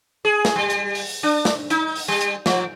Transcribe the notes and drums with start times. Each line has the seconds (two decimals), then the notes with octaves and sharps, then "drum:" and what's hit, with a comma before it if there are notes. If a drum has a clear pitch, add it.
0.25 G#4
0.45 drum: snare
0.56 G3
0.70 drum: hi-hat
0.95 drum: open hi-hat
1.23 D4
1.45 drum: snare
1.70 D#4, drum: hi-hat
1.96 drum: open hi-hat
2.08 G3
2.21 drum: hi-hat
2.46 F3, drum: snare